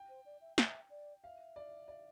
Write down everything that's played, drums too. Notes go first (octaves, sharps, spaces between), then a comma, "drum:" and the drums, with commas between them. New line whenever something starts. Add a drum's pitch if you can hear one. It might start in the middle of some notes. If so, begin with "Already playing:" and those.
Already playing: G5
C5
D5
E5
E5, drum: snare
D5
E5 F5
D5
D5